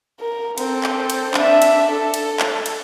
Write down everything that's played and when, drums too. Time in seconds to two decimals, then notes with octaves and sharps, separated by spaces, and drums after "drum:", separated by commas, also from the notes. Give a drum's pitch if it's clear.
0.20 A#4
0.58 C4 A4, drum: cymbal
0.84 drum: clap
1.10 drum: cymbal
1.34 D4 E5, drum: clap
1.62 drum: cymbal
1.92 A4
2.14 drum: cymbal
2.40 drum: clap
2.66 drum: cymbal